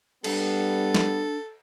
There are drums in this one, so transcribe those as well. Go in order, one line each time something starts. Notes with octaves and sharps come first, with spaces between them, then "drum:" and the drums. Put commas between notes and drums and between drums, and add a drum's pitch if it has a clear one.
G3 B3 D4 A4, drum: cymbal
drum: snare